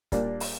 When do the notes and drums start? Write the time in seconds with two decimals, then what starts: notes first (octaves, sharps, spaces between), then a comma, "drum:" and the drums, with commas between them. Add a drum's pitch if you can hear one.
0.12 A#2 G3 A#3 D4, drum: kick, hi-hat
0.40 drum: open hi-hat